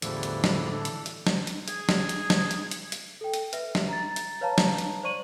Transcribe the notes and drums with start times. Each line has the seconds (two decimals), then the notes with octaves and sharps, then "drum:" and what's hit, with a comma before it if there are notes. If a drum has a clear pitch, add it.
0.02 E2 A2 D3 E3 F3 G3, drum: hi-hat
0.23 drum: hi-hat
0.44 drum: snare
0.72 A4
0.85 drum: hi-hat
1.06 drum: hi-hat
1.27 drum: snare
1.47 drum: hi-hat
1.68 G#4, drum: hi-hat
1.89 drum: snare
2.09 drum: hi-hat
2.30 drum: snare
2.51 drum: hi-hat
2.71 drum: hi-hat
2.92 drum: hi-hat
3.21 A4 G5
3.34 drum: hi-hat
3.53 B4 E5, drum: hi-hat
3.75 drum: snare
3.89 A#5 A6
4.16 drum: hi-hat
4.41 B4 C#5 F5 A5 A#5
4.58 drum: snare
4.78 drum: hi-hat
5.03 C5 D5 C#6 D#7 F#7